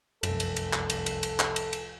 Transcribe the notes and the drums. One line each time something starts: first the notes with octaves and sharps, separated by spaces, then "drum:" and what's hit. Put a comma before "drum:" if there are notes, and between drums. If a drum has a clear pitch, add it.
F1 C2 F#2 A4, drum: cymbal
drum: cymbal
drum: cymbal
drum: clap
drum: cymbal
drum: cymbal
drum: cymbal
drum: clap
drum: cymbal
drum: cymbal